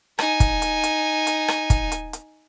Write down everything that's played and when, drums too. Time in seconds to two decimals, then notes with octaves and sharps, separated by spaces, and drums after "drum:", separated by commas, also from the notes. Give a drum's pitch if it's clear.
0.19 D#4 G#5, drum: rim click
0.40 drum: kick, hi-hat
0.62 drum: hi-hat
0.83 drum: hi-hat
1.27 drum: hi-hat
1.48 drum: rim click
1.70 drum: kick, hi-hat
1.92 drum: hi-hat
2.13 drum: hi-hat